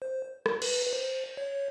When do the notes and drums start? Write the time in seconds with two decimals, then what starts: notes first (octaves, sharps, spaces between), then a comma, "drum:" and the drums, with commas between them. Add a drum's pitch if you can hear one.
0.02 C5
0.46 drum: rim click
0.62 B4, drum: cymbal
0.87 B4
0.93 C5
1.37 C#5